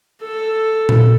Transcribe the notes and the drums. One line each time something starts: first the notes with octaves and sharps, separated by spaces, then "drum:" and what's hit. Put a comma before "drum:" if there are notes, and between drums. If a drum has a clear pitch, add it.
A4
drum: tom A#2